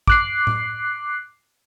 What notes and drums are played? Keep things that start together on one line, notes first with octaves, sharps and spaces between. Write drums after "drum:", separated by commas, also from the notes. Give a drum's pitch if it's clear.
D6 F#6 C7, drum: kick
drum: tom A2